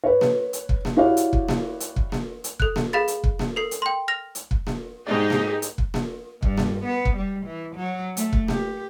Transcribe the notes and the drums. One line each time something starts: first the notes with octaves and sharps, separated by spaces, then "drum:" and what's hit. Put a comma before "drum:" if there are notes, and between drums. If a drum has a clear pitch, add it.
B4 C#5
drum: snare A#3
drum: hi-hat
drum: kick
drum: snare A#3
E4 F#4 G4 C#5 D5 F5
drum: hi-hat
drum: kick
drum: snare A#3
drum: hi-hat
drum: kick
drum: snare A#3
drum: hi-hat
A4 F#6, drum: kick
drum: snare A#3
G#4 F5 B5 A6
drum: hi-hat
drum: kick
drum: snare A#3
A4 A#4 C7
drum: hi-hat
G5 C6
F6 A#6 F7
drum: hi-hat
drum: kick
drum: snare A#3
G#2 D#4 G4 G#4 D5
drum: snare A#3
drum: hi-hat
drum: kick
drum: snare A#3
G2, drum: kick
drum: snare A#3
B3
drum: kick
G3
E3
F#3
A3, drum: hi-hat
drum: kick
G4, drum: snare A#3